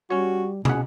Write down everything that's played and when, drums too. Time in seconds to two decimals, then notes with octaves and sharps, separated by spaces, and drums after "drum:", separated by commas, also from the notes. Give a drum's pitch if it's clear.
0.10 G3 C#4 F#4 C#5
0.65 B2 C#4 G#4 F#5, drum: tom